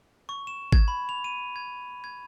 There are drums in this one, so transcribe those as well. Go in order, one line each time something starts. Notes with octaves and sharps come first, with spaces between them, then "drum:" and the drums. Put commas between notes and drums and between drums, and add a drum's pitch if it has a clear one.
C#6
E7
G#6, drum: kick G#1
B5
F7
D#7
G#6
G#6